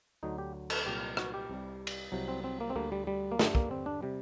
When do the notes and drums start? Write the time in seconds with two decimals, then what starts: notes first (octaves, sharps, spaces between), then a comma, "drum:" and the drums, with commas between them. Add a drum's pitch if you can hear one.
0.23 D2 D3 F#3 D#4
0.38 G4
0.70 A4, drum: cymbal
0.86 C2 A#2 F#3 G4
1.17 F#4, drum: rim click
1.34 G4
1.50 C2 C3 G3
1.87 drum: cymbal
2.12 C2 C3 F#3
2.28 C4
2.44 C4
2.60 A#3
2.70 C4
2.76 D2 D3 G3 A#3
2.92 G3
3.07 G3
3.32 A#3
3.39 G2 D3 G3 A3, drum: snare
3.55 A#3, drum: kick
3.71 C4
3.86 D4
4.03 C3 G3